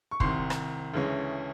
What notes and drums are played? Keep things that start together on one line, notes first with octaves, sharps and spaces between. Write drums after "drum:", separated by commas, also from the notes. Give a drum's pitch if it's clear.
C#6
C2 C3 D#3 C6, drum: kick
drum: rim click
D2 C#3 E3 G#3 C#4